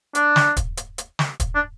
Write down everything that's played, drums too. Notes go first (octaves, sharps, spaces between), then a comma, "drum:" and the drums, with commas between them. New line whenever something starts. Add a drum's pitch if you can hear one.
D4, drum: hi-hat
drum: snare
drum: kick, hi-hat
drum: hi-hat
drum: hi-hat
drum: snare
drum: kick, hi-hat
D4